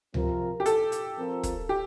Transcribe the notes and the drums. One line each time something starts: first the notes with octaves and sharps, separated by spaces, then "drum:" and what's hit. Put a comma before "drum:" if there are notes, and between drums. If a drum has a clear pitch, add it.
C3 F3 C4 F4 A#4, drum: tom C#2
G4
A4, drum: hi-hat
drum: hi-hat
F3 C4 F4 A#4
drum: kick, hi-hat
G4